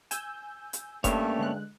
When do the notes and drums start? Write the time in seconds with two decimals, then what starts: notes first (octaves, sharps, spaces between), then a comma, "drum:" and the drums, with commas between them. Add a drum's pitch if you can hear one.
0.11 G#5 E6 G6, drum: hi-hat
0.73 drum: hi-hat
1.04 G2 A3 A#3 C#4 C#5, drum: kick F1, hi-hat
1.39 D3 G#3 F#6